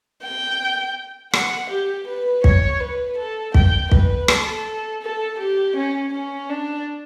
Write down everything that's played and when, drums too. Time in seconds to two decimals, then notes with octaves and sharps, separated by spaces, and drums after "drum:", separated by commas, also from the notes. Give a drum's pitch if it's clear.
0.23 G5
1.33 F#5, drum: rim click
1.70 G4
2.07 B4
2.44 C#5, drum: kick
2.81 B4
3.18 A4
3.54 G5, drum: kick
3.92 B4, drum: kick
4.28 A4, drum: rim click
5.02 A4
5.39 G4
5.76 C#4
6.13 C#4
6.50 D4